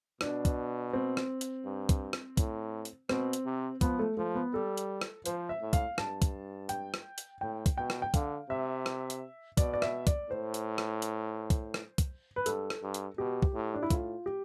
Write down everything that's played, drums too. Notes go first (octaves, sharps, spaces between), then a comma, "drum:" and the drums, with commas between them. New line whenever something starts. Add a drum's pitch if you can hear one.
B2 D4, drum: rim click
drum: kick, hi-hat
C4
drum: rim click
drum: hi-hat
G2
drum: kick, hi-hat
drum: rim click
A2, drum: kick, hi-hat
drum: hi-hat
B2 C4, drum: rim click
drum: hi-hat
C3
F3 B3, drum: kick, hi-hat
A3
F3 A3
B3
G3 A4
drum: hi-hat
drum: rim click
F3 C5, drum: hi-hat
E5
A2
F5, drum: kick, hi-hat
G2 A5, drum: rim click
drum: kick, hi-hat
G5, drum: hi-hat
drum: rim click
drum: hi-hat
A2 G5
drum: kick, hi-hat
B2 G5
drum: rim click
G5
D3 F5, drum: kick, hi-hat
C3 E5
drum: rim click
drum: hi-hat
B2 D5, drum: kick, hi-hat
D5
E5, drum: rim click
D5, drum: kick, hi-hat
A2 C5
drum: hi-hat
drum: rim click
drum: hi-hat
drum: kick, hi-hat
drum: rim click
drum: kick, hi-hat
B4
G2 A4, drum: hi-hat
drum: rim click
G2
drum: hi-hat
B2 G4
drum: kick
A2
D4
E4
A2 F4, drum: kick, hi-hat
G4